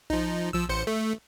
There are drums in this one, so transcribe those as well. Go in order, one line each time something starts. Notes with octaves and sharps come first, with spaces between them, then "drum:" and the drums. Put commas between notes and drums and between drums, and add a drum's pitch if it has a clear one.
F3 D#4, drum: kick A#1
F3 E6, drum: kick A#1
A1 C5 C#7
A3